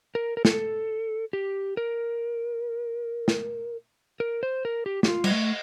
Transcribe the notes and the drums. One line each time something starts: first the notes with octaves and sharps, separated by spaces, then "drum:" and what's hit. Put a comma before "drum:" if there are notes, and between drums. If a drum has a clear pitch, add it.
A#4
A#4
A4, drum: snare
G4
A#4
drum: snare
A#4
C5
A#4
G4
G4, drum: snare
F4
G3, drum: cymbal
A3